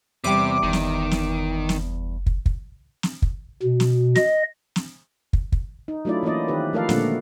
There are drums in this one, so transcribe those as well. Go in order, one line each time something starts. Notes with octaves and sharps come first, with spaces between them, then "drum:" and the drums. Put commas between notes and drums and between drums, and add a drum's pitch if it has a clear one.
E2 C3 G3 G5 D6
F#1 D#3
drum: snare
drum: snare
drum: snare
drum: kick
drum: kick
drum: snare
drum: kick
B2
drum: snare
D#5, drum: snare
drum: snare
drum: kick
drum: kick
D#4
F#3 A3 D4 E4 F4 D5
E3 A#3 C#4 E4 D5 D#5
D#3 C4 G4 B4
F3 A3 A4 A#4 D5 F5
A#2 D3 G#3 A3 F#5, drum: snare